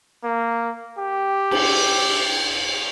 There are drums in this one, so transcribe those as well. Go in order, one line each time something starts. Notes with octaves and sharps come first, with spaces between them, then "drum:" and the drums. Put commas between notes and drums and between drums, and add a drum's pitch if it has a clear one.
A#3
G4
drum: cymbal